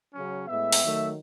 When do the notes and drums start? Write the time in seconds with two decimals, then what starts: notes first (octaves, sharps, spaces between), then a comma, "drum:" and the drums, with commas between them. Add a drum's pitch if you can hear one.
0.13 C#3 F#3 C#4
0.47 A2 G#3 B3 E5
0.73 drum: open hi-hat
0.82 D#3 F#3 A3